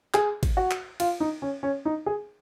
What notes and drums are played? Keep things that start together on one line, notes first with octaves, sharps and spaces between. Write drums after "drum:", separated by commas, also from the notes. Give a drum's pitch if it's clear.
G#4, drum: clap
drum: kick, cymbal
F#4
drum: clap
F4, drum: cymbal
D#4
C#4
C#4
D#4
G#4